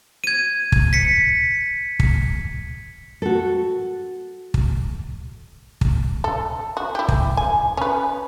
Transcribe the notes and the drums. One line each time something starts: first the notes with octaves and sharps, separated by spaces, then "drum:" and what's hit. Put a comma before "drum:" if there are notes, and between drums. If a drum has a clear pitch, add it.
G#6 D#7
drum: kick
B6 C#7
drum: kick
F#4 A4
drum: kick
drum: kick
A4
F#4
E4 G4
drum: kick
G#5
C#4 B4